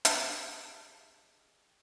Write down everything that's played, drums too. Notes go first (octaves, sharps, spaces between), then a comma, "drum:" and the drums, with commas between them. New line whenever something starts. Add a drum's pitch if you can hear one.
G4 G#4 D5 D#5 G5 G#5, drum: hi-hat